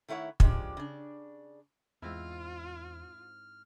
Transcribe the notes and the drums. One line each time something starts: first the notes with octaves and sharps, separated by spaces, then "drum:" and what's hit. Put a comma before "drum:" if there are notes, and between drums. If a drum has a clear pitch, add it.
D#3 A3 E4 C#5 F#5
C#3 F3 G#3 D4 G4, drum: kick
C#3 D4
E2 G#2 C4 E4 F4 F6